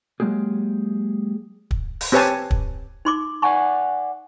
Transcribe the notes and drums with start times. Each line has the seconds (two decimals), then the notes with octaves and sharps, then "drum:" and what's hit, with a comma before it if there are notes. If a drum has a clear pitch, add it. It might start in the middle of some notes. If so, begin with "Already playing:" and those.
0.20 F#3 G#3 A#3 G4 G#4
1.71 drum: kick
2.01 drum: open hi-hat
2.12 C4 G4 B4 C#5 G#5 A5
2.51 drum: kick
3.05 D#4 C6 D6
3.42 D5 F#5 G#5 C#6